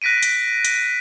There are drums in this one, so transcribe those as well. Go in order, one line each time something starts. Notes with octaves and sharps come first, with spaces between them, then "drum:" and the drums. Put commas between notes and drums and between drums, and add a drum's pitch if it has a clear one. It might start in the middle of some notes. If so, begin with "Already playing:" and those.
F#6 A#6 B6 D7 D#7
drum: hi-hat
drum: hi-hat